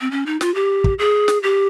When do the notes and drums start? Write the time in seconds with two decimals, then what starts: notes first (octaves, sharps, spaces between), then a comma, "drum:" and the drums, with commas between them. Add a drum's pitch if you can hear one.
0.01 C4
0.11 C#4
0.26 D#4
0.41 F4, drum: snare
0.55 G4
0.84 drum: kick
0.99 G#4
1.28 drum: snare
1.43 G4